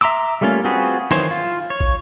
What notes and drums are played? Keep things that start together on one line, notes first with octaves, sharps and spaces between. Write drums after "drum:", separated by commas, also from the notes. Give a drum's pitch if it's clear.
E5 A#5 C6 D6 E6
G3 A3 A#3 C#4 F4
C4 F4 F#4 G#4 B4
D#3 E3 C5 C#5, drum: snare
F4
C#5
drum: kick